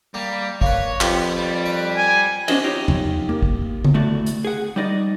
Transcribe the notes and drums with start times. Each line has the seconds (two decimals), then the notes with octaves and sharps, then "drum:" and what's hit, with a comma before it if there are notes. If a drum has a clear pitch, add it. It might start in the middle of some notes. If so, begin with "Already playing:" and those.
0.14 G3 A#3
0.61 A#3 B4 C#5, drum: kick G#1
1.01 F2 B3 G4, drum: clap
1.36 G3
1.66 B4
1.97 G#5
2.48 B3 C#4 D4 F#4 C5 D#5, drum: cymbal
2.64 D#4 F4 G4 C#5 D#5
2.88 drum: tom E2
3.29 A#3
3.42 drum: kick G#1
3.85 drum: tom D3
3.94 A2 A3 F#4 D5
4.26 drum: hi-hat
4.45 G#4 F#5
4.76 G3 D#4 D5 D#5